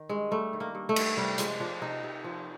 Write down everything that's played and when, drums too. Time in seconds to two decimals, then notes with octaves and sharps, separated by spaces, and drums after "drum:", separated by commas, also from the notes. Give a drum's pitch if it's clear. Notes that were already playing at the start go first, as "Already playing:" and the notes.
Already playing: D#3
0.09 G2 G#3
0.31 G3 A3
0.53 D#3
0.60 A#3
0.75 G2
0.89 A3
0.96 G2, drum: cymbal
1.17 C3 G3
1.38 F3 G#3, drum: hi-hat
1.60 F3 D4
1.81 C3 D#4
2.03 C3
2.24 F3